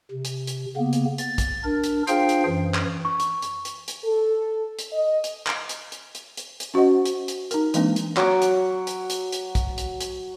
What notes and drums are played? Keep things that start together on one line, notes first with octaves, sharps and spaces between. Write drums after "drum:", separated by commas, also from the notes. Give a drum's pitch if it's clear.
C3
drum: hi-hat
drum: hi-hat
C#3 A#3 B3
drum: hi-hat
A6, drum: hi-hat
drum: kick, hi-hat
D4 A#4
drum: hi-hat
D4 F4 G#4 C5 F5 G5, drum: hi-hat
drum: hi-hat
F#2 E3
drum: clap
C#6
drum: hi-hat
drum: hi-hat
drum: hi-hat
drum: hi-hat
A4
drum: hi-hat
D#5
drum: hi-hat
drum: clap
drum: hi-hat
drum: hi-hat
drum: hi-hat
drum: hi-hat
drum: hi-hat
C#4 F#4 C5 D#5 F#5
drum: hi-hat
drum: hi-hat
D#4 A#4, drum: hi-hat
E3 G#3 A#3 C4 D4, drum: hi-hat
drum: hi-hat
F#3 F#5 D6, drum: clap
drum: hi-hat
drum: hi-hat
drum: hi-hat
drum: hi-hat
drum: kick, hi-hat
drum: hi-hat
drum: hi-hat